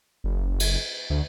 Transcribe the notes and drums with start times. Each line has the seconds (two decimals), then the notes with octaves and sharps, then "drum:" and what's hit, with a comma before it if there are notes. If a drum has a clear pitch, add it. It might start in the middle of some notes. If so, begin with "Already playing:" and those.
0.24 F#1
0.60 drum: cymbal
1.10 D2